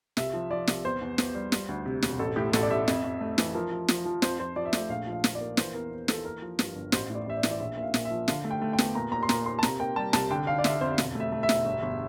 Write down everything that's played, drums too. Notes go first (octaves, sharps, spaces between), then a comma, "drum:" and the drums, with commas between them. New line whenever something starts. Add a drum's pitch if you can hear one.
C2 E5, drum: snare
F3
F3 D5
C2, drum: snare
E2 C5
E2
E2, drum: snare
G3
G3, drum: snare
D2
C3
E1, drum: snare
A1 A4
A2 G4
A1 A4, drum: snare
D5
A1 E5
F2, drum: snare
F2
A3
E3, drum: snare
F3 A#4
F3
F3, drum: snare
F3
F2 C5, drum: snare
F3 C5
F3 D5
E5
A3 D5, drum: snare
A#1 F5
F3
F5
F3, drum: snare
D5
A#3
E3 C5, drum: snare
E2 A#4
E2
E3 A4, drum: snare
A#3 A#4
F3
G2, drum: snare
G1
A1 C5, drum: snare
A2
D5
A1 E5
D5
E3, drum: snare
D5
A#1 E5
A#2 E5
F5
A#2, drum: snare
E5
F3
D3 F5, drum: snare
A3
G5
A3
G5
E2, drum: snare
A#2 A#5
A#2 A#5
C6
A#2 A#5, drum: snare
A#3 C6
A5
C3 A#5, drum: snare
A#3 G5
G3 A5
C2 A5, drum: snare
D3 G5
D3 F5
D5
D3 E5, drum: snare
F2 C5
E1, drum: snare
A3
E5
A3
E5
E1, drum: snare
G1
G1